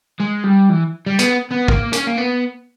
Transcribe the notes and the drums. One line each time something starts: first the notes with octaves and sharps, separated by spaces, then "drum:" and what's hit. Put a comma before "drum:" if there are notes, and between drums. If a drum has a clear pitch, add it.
G#3
G3
E3
G3
B3, drum: hi-hat
B3
A#3, drum: kick
C#4, drum: hi-hat
A#3
B3